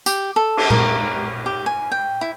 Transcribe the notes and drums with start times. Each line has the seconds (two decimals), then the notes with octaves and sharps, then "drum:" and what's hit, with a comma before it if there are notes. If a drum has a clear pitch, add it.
0.06 G4, drum: tambourine
0.36 A4
0.57 drum: cymbal
0.70 A#4, drum: tom A#2
1.46 G4
1.66 G#5
1.92 G5
2.21 E4